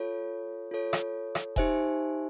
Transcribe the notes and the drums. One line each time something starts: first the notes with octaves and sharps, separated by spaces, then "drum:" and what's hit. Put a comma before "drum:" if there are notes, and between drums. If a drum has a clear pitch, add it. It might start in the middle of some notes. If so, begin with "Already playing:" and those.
Already playing: F4 A4 C#5
F4 A4 C#5
drum: rim click
drum: rim click
D#4 G4 C5 E5 G#5, drum: kick E1